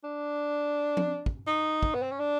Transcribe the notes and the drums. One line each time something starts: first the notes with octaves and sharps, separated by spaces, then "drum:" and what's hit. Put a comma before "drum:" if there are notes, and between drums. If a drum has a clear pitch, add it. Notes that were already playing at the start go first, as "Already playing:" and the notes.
D4
drum: tom F3
drum: kick
D#4
drum: kick
B3
C4
C#4
D4